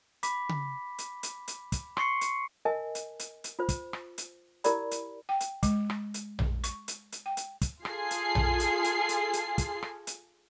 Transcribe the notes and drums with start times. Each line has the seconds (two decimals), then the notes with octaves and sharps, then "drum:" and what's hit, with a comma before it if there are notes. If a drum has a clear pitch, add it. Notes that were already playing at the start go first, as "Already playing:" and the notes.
0.23 B5 D6 B6, drum: hi-hat
0.49 drum: tom C#3
0.98 drum: hi-hat
1.23 drum: hi-hat
1.48 drum: hi-hat
1.72 drum: kick, hi-hat
1.97 C6 C#6 C7 C#7, drum: rim click
2.21 drum: hi-hat
2.65 A#4 D#5 G#5 A5
2.95 drum: hi-hat
3.19 drum: hi-hat
3.44 drum: hi-hat
3.59 F4 C5
3.69 drum: kick, hi-hat
3.93 drum: rim click
4.18 drum: hi-hat
4.64 E4 G4 A#4 D5 B5, drum: hi-hat
4.91 drum: hi-hat
5.29 G5
5.40 drum: hi-hat
5.63 G#3, drum: kick, hi-hat
5.90 drum: rim click
6.14 drum: hi-hat
6.39 drum: tom A#1
6.64 C#6, drum: hi-hat
6.88 drum: hi-hat
7.12 drum: hi-hat
7.26 G5
7.37 drum: hi-hat
7.61 drum: kick, hi-hat
7.85 F4 G#4 A4 C7, drum: rim click
8.11 drum: hi-hat
8.35 drum: tom A#1
8.60 drum: hi-hat
8.84 drum: hi-hat
9.09 drum: hi-hat
9.33 drum: hi-hat
9.58 drum: kick, hi-hat
9.82 drum: rim click
10.07 drum: hi-hat